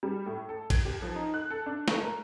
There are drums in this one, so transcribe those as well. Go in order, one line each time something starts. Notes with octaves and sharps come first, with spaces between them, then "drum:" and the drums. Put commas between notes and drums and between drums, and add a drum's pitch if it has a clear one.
G3
A2
A4
G#6, drum: kick, cymbal
G4
F3
D#4
F#6
A4
D4
A3, drum: snare
A#4